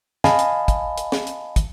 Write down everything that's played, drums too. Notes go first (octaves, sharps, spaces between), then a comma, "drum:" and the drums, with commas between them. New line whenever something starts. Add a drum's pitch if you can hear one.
D#5 F5 G#5 A5 B5, drum: snare
drum: hi-hat
drum: kick, hi-hat
drum: hi-hat
drum: snare
drum: hi-hat
drum: kick, hi-hat